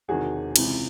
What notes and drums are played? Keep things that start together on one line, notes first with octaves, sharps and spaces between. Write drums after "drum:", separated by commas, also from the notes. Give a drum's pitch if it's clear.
E1 E2 C3 D#3 F#4 G#4
C#2 C3 E3, drum: cymbal